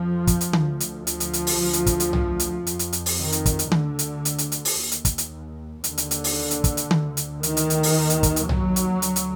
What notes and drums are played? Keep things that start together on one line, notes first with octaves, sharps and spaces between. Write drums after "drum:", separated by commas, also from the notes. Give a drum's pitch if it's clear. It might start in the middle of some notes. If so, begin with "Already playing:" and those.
Already playing: F2 F3
drum: kick, hi-hat
drum: hi-hat
D2, drum: tom D3
drum: hi-hat
F3, drum: hi-hat
drum: hi-hat
drum: hi-hat
drum: open hi-hat
D2
drum: hi-hat
drum: kick, hi-hat
drum: hi-hat
drum: tom B1
drum: hi-hat
F2, drum: hi-hat
drum: hi-hat
drum: hi-hat
drum: open hi-hat
D#3
drum: hi-hat
drum: kick, hi-hat
drum: hi-hat
D2 D3, drum: tom D3
drum: hi-hat
drum: hi-hat
drum: hi-hat
drum: hi-hat
drum: open hi-hat
D#2
drum: hi-hat
drum: kick, hi-hat
drum: hi-hat
D#2 D3, drum: hi-hat
drum: hi-hat
drum: hi-hat
drum: open hi-hat
drum: hi-hat
drum: kick, hi-hat
drum: hi-hat
D2, drum: tom D3
drum: hi-hat
D#3, drum: hi-hat
drum: hi-hat
drum: hi-hat
drum: open hi-hat
D#2
drum: hi-hat
drum: kick, hi-hat
drum: hi-hat
F#3, drum: tom B1
drum: hi-hat
D2, drum: hi-hat
drum: hi-hat